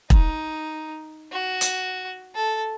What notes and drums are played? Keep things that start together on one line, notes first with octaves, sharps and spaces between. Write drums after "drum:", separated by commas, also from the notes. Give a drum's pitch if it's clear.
D#4, drum: kick E1
F#4
drum: hi-hat
A4